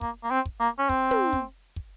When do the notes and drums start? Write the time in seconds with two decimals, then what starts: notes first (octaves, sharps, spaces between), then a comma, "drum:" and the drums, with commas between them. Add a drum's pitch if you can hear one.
0.01 A#3, drum: kick
0.24 A#3
0.31 C4
0.46 drum: kick
0.60 A#3
0.79 C#4
0.89 C4, drum: kick
1.11 drum: tom
1.33 drum: kick
1.76 drum: kick